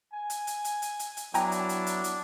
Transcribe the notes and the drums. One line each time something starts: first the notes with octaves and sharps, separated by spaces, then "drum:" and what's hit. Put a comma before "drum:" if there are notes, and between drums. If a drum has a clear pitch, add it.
G#5
drum: hi-hat
drum: hi-hat
drum: hi-hat
drum: hi-hat
drum: hi-hat
drum: hi-hat
F#3 B3 D4 E4 G5 G#5 A#5, drum: hi-hat
drum: hi-hat
drum: hi-hat
drum: hi-hat
drum: hi-hat